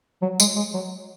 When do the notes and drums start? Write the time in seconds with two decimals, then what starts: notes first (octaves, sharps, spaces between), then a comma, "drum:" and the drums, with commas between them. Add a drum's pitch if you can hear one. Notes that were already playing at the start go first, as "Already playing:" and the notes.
0.22 F#3
0.40 G#3, drum: tambourine
0.56 G#3
0.74 F#3